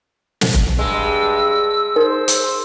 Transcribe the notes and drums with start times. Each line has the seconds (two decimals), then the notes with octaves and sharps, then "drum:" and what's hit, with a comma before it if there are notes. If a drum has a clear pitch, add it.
0.41 drum: snare
0.54 drum: kick F1
0.79 G2 G#3 E6
1.96 D#4 A#4 C5 D5
2.28 drum: hi-hat